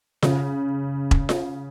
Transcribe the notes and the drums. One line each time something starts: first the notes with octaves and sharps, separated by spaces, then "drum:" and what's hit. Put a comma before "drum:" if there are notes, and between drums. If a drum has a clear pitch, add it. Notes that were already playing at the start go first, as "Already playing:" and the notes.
C#3, drum: snare F4
drum: kick E1
drum: snare F4